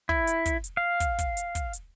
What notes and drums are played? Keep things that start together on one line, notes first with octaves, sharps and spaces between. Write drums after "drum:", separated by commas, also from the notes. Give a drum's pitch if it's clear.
E4, drum: kick
drum: hi-hat
drum: kick, hi-hat
drum: hi-hat
F5
drum: kick, hi-hat
drum: kick, hi-hat
drum: hi-hat
drum: kick, hi-hat
drum: hi-hat